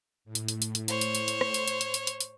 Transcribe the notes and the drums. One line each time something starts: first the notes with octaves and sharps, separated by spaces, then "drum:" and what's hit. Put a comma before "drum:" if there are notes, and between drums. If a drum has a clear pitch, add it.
A2
drum: hi-hat
drum: hi-hat
drum: hi-hat
drum: hi-hat
C5 C#5, drum: hi-hat
drum: hi-hat
drum: hi-hat
drum: hi-hat
drum: rim click
drum: hi-hat
drum: hi-hat
drum: hi-hat
drum: hi-hat
drum: hi-hat
drum: hi-hat